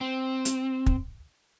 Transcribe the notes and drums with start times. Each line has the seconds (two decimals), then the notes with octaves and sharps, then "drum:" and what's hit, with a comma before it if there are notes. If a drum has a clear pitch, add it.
0.01 C4
0.45 drum: hi-hat
0.86 drum: kick